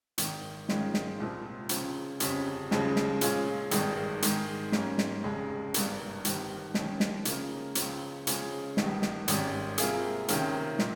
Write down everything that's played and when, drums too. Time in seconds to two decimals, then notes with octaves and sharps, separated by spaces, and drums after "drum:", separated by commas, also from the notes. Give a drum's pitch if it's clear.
0.18 G#1 G#2 D#3, drum: hi-hat
0.69 G#2 D#3 G#3 C#4 F4, drum: snare
0.94 drum: snare
1.20 C2 A#2 F3
1.69 C#2 C#3 F3, drum: hi-hat
2.20 G1 F2 C#3 G3 C#4, drum: hi-hat
2.71 D#2 C#3 F3 G#3, drum: snare
2.96 drum: snare
3.21 A#2 G#3 C#4 F4, drum: hi-hat
3.71 G#1 G2 D#3 G#3, drum: hi-hat
4.22 G#2 D#3 G#3, drum: hi-hat
4.72 G#2 G3 A#3 C#4, drum: snare
4.98 drum: snare
5.24 F1 D#2 C#3 G#3
5.74 G#1 G2 G3 A#3, drum: hi-hat
6.25 G1 G2 D#3 G3 C4, drum: hi-hat
6.74 D#2 D#3 G3 C#4, drum: snare
7.00 drum: snare
7.25 C#3 F3 A#3, drum: hi-hat
7.75 C#2 C#3 F3, drum: hi-hat
8.27 C#2 C#3 F3 G#3 C#4, drum: hi-hat
8.77 G1 G2 D#3 G3, drum: snare
9.02 drum: snare
9.28 G#1 G#2 D#3 G3 C#4, drum: hi-hat
9.78 C3 G3 A#3 F4 G#4, drum: hi-hat
10.28 C#2 C3 D#3 A#3 C#4, drum: hi-hat
10.79 A#2, drum: snare